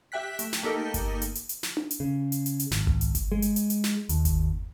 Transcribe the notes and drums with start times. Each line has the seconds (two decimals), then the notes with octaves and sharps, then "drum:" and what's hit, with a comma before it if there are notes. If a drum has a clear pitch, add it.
0.12 G4 E5 G5 F#6 B6
0.39 A3, drum: hi-hat
0.53 drum: snare
0.63 A#3 D#4 G4 A4 A#4 D#5
0.94 drum: kick G1, hi-hat
1.22 drum: hi-hat
1.35 drum: hi-hat
1.49 drum: hi-hat
1.63 drum: snare
1.77 drum: tom D4
1.91 drum: hi-hat
2.00 C#3
2.32 drum: hi-hat
2.46 drum: hi-hat
2.60 drum: hi-hat
2.71 G#1, drum: snare
2.87 drum: tom C2
3.01 drum: hi-hat
3.15 drum: kick G1, hi-hat
3.32 G#3
3.42 drum: hi-hat
3.56 drum: hi-hat
3.70 drum: hi-hat
3.84 drum: snare
4.09 D#2, drum: hi-hat
4.25 drum: kick G1, hi-hat